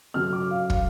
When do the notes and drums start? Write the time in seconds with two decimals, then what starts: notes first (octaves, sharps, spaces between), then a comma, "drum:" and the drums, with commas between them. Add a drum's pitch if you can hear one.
0.14 C#3 F#3 F6
0.33 D6
0.51 F5
0.70 F5, drum: kick